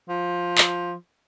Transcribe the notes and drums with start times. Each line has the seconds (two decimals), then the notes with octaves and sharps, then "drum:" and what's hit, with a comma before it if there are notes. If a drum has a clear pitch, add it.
0.09 F3
0.58 drum: clap